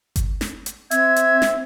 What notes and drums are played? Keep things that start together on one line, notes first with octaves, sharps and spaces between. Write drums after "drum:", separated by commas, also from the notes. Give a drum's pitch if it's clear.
drum: kick G1, hi-hat
drum: snare
drum: hi-hat
C4 E5 G#6, drum: hi-hat
drum: hi-hat
drum: snare